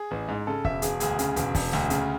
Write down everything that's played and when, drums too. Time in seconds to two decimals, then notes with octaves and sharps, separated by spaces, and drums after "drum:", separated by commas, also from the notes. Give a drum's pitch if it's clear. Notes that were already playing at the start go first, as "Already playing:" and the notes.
Already playing: G#4
0.11 A1
0.28 G#2
0.47 C#3 A4
0.65 E1 E5, drum: kick
0.82 E1 G#4, drum: hi-hat
1.00 D2 G#4, drum: hi-hat
1.19 C#3, drum: hi-hat
1.36 E1, drum: hi-hat
1.55 E1, drum: kick, open hi-hat
1.73 D2, drum: snare
1.90 C#3, drum: hi-hat